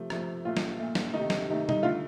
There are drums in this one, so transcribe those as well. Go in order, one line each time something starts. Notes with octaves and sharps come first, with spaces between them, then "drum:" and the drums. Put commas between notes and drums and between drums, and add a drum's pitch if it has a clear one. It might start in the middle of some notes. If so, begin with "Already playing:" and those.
Already playing: C3 F3 A3
C3 F3 A3, drum: rim click
A#2 A3 F4
drum: snare
A#2 A3
drum: snare
C3 D#3 A3 D#4
drum: snare
C3 D#3 A3
D#4, drum: tom
D3 A3 F4